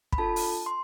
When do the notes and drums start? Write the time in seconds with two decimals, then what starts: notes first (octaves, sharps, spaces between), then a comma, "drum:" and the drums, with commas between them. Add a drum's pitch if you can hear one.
0.12 B5, drum: kick
0.18 D4 F4 A4 A5
0.36 drum: open hi-hat
0.66 C6